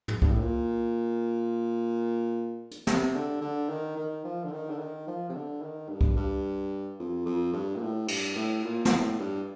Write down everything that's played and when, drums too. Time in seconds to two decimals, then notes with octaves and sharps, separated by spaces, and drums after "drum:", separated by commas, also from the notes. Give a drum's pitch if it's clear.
0.08 drum: tom
0.22 G2, drum: kick C2
0.31 A2
0.40 A#2
2.71 drum: hi-hat
2.87 C3, drum: snare
3.14 D3
3.41 D3
3.69 D#3
3.97 D#3
4.24 F3
4.44 D3
4.52 D#3
4.70 D3
4.79 D#3
5.07 F3
5.29 C3
5.35 D3
5.62 D#3
5.89 G2
6.01 drum: kick C2
6.17 G2
6.99 F2
7.26 F2
7.53 G2
7.76 A#2
7.82 A2
8.08 G2, drum: cymbal
8.36 A2
8.64 A#2
8.85 A#2, drum: snare
8.91 A2
9.19 G2